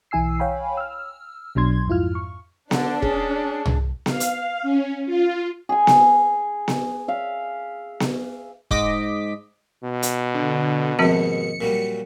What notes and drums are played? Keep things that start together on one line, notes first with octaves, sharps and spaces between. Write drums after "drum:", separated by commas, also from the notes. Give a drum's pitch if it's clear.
B1 E3 E4 G#5 E6 C7
C#5 F5 G5 G#5 B5
E6 F6
B1 B2 F#3 D4 C6 G#6
F2 G#2 E4 F4 F6
C#6
D3 D4, drum: snare B3
C#4 G#4, drum: kick E1
drum: tom C2
F5, drum: snare B3
drum: hi-hat
C#4
F4
G#4 G#5
drum: snare B3
drum: snare B3
E5 F5
drum: snare B3
G#2 D#5 D6 B6, drum: kick E1
B2
drum: hi-hat
D3
D#2 G#2 F3 C4 F#4 C#7
A#2 F#3 G3